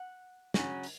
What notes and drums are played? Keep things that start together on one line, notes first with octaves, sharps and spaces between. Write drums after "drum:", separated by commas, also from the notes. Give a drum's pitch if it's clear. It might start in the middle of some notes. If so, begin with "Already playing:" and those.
Already playing: F#5
C#3 F#3 C#4, drum: snare
drum: open hi-hat